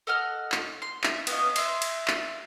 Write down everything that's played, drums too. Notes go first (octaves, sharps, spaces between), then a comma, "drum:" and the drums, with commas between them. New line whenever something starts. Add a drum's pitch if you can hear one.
A4 D#5 F#5 F6
drum: clap
C6
E5, drum: clap
B3 C#4 F4 D#5, drum: cymbal
E5 C6, drum: cymbal
drum: cymbal
drum: clap